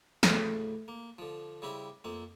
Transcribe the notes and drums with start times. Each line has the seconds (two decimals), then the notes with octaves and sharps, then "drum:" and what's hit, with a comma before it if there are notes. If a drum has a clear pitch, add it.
0.23 D2 A2 C#3, drum: snare
0.88 A#3
1.18 D3 F3
1.62 C#3 G3 C4 E4 G4
2.04 F2 A#3 C4